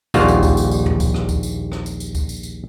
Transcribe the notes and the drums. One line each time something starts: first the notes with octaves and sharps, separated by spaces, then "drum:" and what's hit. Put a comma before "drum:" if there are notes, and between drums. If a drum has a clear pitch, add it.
A#1 D#2 G3 F4 F#4 F5, drum: tambourine
drum: tambourine
drum: kick C#2, tambourine
drum: tambourine
drum: tambourine
drum: tom
drum: kick C#2, tambourine
drum: rim click
drum: kick C#2, tambourine
drum: tambourine
drum: rim click
drum: tambourine
drum: tambourine
drum: kick C#2, tambourine
drum: tambourine
drum: tambourine